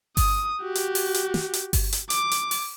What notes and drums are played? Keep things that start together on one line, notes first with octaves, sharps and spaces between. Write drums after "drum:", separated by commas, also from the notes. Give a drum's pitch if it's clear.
D#6, drum: kick G1, open hi-hat
F#4 G4
drum: hi-hat
drum: open hi-hat
drum: hi-hat
drum: snare
drum: hi-hat
drum: kick G1, open hi-hat
drum: hi-hat
D6, drum: hi-hat
drum: hi-hat
drum: open hi-hat